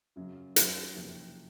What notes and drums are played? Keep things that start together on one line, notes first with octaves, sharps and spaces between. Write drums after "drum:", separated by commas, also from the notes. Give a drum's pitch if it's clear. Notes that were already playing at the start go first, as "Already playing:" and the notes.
F#2 C#3 F#3
F#2 D#3 F#3, drum: hi-hat
F#1 F2 C3